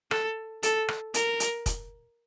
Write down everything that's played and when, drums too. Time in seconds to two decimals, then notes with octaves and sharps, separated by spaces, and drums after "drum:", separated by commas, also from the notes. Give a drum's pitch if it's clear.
0.11 A4, drum: rim click
0.63 A4, drum: hi-hat
0.88 drum: rim click
1.14 A#4, drum: hi-hat
1.40 drum: hi-hat
1.66 drum: kick, hi-hat